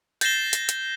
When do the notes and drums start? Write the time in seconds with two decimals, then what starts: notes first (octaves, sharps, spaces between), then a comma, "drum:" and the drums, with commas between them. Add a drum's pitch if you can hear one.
0.21 G6 A6 A#6 C7 E7 G7, drum: hi-hat
0.53 drum: hi-hat
0.69 drum: hi-hat